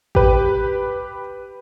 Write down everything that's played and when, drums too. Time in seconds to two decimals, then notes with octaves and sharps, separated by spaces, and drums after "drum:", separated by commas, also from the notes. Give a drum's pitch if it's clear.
0.15 G4 B4, drum: kick A1